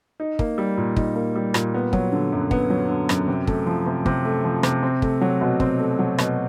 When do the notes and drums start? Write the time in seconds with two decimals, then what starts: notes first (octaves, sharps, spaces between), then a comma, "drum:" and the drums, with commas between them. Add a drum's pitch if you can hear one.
0.20 D#4
0.39 A#3, drum: kick
0.58 G3
0.77 A#2
0.96 D#4, drum: kick
1.15 A#3
1.36 G3
1.54 A#2, drum: rim click
1.74 B3
1.93 F#3, drum: kick
2.12 D3
2.32 F#2
2.51 B3, drum: kick
2.70 F#3
2.89 D3
3.09 F#2, drum: rim click
3.28 C3
3.47 A3, drum: kick
3.66 F3
3.86 C3
4.06 C3, drum: kick
4.25 A3
4.44 F3
4.63 C3, drum: rim click
4.83 C4
5.02 A3, drum: kick
5.21 F#3
5.41 B2
5.60 C4, drum: kick
5.79 A3
5.99 F#3
6.18 B2, drum: rim click